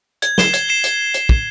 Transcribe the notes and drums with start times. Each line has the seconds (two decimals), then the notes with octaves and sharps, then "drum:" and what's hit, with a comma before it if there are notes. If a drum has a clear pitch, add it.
0.22 G#6, drum: hi-hat
0.38 C7 E7 G7, drum: snare
0.54 G#6, drum: hi-hat
0.69 C7 E7 G7
0.84 drum: hi-hat
1.14 drum: hi-hat
1.29 drum: kick